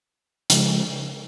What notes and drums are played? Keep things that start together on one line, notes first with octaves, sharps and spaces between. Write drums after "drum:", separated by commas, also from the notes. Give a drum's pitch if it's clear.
C#3 F3 G#3, drum: hi-hat